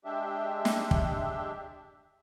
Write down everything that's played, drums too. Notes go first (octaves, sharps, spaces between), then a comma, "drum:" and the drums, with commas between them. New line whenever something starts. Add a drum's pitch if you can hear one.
G#3 D4 G4 E5
drum: snare
drum: kick